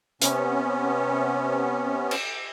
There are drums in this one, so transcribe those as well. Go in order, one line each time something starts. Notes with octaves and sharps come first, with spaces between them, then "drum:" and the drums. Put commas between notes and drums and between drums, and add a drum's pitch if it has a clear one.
C3 B3 C#4, drum: hi-hat
drum: cymbal